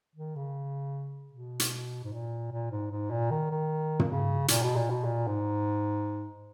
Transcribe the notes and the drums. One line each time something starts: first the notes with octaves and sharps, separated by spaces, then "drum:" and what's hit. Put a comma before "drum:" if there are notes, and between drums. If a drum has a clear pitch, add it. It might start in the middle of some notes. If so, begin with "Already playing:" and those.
D#3
C#3
B2
drum: hi-hat
G#2
A#2
A#2
G#2
G#2
A#2
D#3
D#3
drum: tom
C#3
A#2, drum: hi-hat
B2
A#2
B2
A#2
G#2